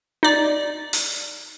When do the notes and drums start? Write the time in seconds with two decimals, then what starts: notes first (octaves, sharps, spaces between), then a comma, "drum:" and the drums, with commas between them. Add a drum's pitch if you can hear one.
0.23 D#4 D5
0.93 drum: open hi-hat